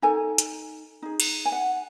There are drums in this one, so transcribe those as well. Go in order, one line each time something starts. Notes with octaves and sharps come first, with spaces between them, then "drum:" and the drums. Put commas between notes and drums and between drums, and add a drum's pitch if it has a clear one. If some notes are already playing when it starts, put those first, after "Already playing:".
D#4 A4 G#5
drum: hi-hat
D#4 G#4
drum: cymbal
G#5
F#5